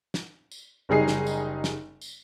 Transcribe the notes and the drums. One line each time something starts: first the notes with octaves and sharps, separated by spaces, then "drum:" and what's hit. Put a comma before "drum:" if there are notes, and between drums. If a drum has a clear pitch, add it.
drum: snare
drum: tambourine
F#1 G3 D#4 G#4 C7
drum: snare
drum: tambourine
drum: snare
drum: tambourine